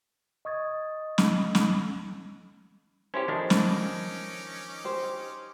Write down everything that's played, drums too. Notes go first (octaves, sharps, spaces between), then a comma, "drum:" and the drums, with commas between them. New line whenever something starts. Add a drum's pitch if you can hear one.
D#5 C#6 D#6 G#6 A6
drum: snare
drum: snare
C#4 E4 G4 C5
D#3 F3 D4 A4
C#4 D#4 D6, drum: snare
G4 C5